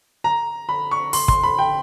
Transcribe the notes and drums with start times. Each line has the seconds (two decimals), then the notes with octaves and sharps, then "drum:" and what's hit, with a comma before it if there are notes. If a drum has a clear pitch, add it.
0.24 A#5
0.69 B5
0.91 C#6
1.13 C6, drum: open hi-hat
1.28 C6, drum: kick
1.44 B5
1.59 G5